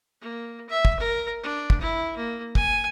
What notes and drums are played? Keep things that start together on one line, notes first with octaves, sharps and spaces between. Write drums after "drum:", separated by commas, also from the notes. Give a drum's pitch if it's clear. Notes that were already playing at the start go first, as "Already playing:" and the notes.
A#3
E5
drum: kick
A#4
D4
drum: kick
E4
A#3
G#5, drum: kick